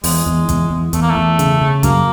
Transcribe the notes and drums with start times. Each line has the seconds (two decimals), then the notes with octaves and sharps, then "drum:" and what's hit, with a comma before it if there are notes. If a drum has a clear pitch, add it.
0.04 E2 G#3, drum: open hi-hat
0.26 E2
0.49 E2, drum: kick, hi-hat
0.70 E2
0.93 E2 A3, drum: hi-hat
1.02 A#3
1.09 A3
1.16 E2
1.39 C#3, drum: hi-hat
1.61 C#3
1.83 F#2 A#3, drum: kick, hi-hat